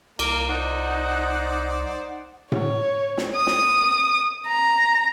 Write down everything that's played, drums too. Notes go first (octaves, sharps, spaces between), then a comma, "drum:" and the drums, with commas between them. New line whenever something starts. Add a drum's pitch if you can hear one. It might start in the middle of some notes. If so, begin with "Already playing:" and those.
C2 A#3 A#4 F5 D6, drum: cymbal
D#4 C5 D5 F#5
C#5, drum: tom A2
drum: snare
D#6
drum: snare
A#5